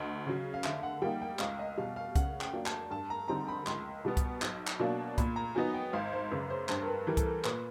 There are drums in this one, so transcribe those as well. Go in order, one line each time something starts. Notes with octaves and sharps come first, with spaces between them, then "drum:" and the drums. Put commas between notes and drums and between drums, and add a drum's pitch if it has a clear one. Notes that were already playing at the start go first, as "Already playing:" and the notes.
Already playing: D2 D#5
C#3 F#3
F5
D3 E5, drum: clap
F#5
G3 A#3 D#4 G5
G5
C#2 F5, drum: clap
D#5
B2 G3 F5
F5
C#3 F#5, drum: kick C2, hi-hat
G5, drum: clap
F#3 A#3 D4
A5, drum: clap
G2 A5
A#5
D3 G3 C4 D#4 A#5
B5
C#2 C6, drum: clap
B2 G3 B3
drum: kick C2, hi-hat
B1, drum: clap
drum: clap
B2 F#3 A#3 D4
A#2 B5, drum: kick C2, hi-hat
A#5
F#3 B3 D#4 G#5
G5
G#1 F5
C5
F#2 C#3 B4
C5
G2 C5, drum: clap
A#4
B4
E3 G3 A#4
A4, drum: kick C2, hi-hat
A#4
A#2 B4, drum: clap